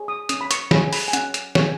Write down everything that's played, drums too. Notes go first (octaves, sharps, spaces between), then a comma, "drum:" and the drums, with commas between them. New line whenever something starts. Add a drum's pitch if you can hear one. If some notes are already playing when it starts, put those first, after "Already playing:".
Already playing: G#4 C#5
D#6
C#4 D#6, drum: hi-hat
B5
C#6, drum: hi-hat
G#4 C#5 B5, drum: snare
B5, drum: open hi-hat
G#5
C#4 F#5, drum: hi-hat
drum: hi-hat
G#4 C#5, drum: snare